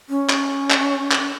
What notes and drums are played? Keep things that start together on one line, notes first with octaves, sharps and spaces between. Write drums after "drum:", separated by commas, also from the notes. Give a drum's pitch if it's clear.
C#4
drum: clap
drum: clap
drum: clap